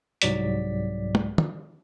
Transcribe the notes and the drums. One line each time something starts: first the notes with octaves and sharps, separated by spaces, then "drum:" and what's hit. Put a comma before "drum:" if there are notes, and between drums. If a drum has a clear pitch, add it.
C2 G#2 F#3 D5 B6, drum: hi-hat
drum: tom
drum: tom